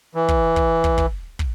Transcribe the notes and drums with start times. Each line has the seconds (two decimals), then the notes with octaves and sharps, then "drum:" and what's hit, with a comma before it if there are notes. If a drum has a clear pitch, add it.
0.15 E3
0.28 drum: kick
0.56 drum: kick
0.84 drum: kick
0.98 drum: kick
1.39 drum: kick